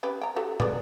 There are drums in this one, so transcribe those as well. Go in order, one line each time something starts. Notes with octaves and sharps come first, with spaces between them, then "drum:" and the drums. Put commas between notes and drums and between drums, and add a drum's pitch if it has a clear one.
C#4 G4 B4
G5 A#5
F#4 G4 A4
G#3 B4 D5, drum: tom